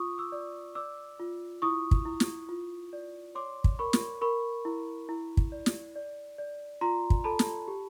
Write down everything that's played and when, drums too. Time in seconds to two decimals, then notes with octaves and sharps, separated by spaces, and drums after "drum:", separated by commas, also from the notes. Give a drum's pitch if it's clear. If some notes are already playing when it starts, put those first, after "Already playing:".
Already playing: F4 C#6 D#6
0.18 D6 E6
0.32 D5
0.75 D5 D6 E6
1.20 F4
1.62 E4 C#6 D#6
1.91 drum: kick
2.05 E4
2.20 drum: snare
2.49 F4
2.93 D5
3.35 C#5 C6 D6
3.64 drum: kick
3.79 A#4 B5 C#6
3.93 drum: snare
4.21 A#4 B5 C#6
4.65 E4
5.09 E4
5.37 drum: kick
5.52 D5
5.66 drum: snare
5.96 D5
6.38 D5
6.81 F4 A#5 C6
7.10 drum: kick
7.24 A4 A5 B5
7.39 drum: snare
7.68 G4